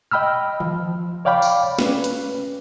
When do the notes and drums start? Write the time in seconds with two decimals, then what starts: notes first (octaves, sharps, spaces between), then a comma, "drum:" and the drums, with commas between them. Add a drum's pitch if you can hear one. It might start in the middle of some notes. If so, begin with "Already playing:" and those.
0.11 D#5 G5 B5 E6 F6
0.60 F3, drum: tom D#3
1.25 C#5 D5 F5 G5 B5 D6
1.42 drum: tambourine
1.79 C#4 B4, drum: snare
2.04 drum: hi-hat